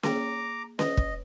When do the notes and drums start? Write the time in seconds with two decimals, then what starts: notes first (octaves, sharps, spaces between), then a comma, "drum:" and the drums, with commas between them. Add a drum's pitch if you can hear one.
0.03 A#3 G#4 A#5 D6, drum: snare C#4
0.79 B4 D#5, drum: snare C#4
0.97 drum: kick